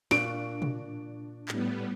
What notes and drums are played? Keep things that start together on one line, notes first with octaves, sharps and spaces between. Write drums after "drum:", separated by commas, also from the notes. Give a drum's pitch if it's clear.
A#2 D4 C#6 F#6 D7, drum: snare
drum: tom
A2 G3 B3, drum: clap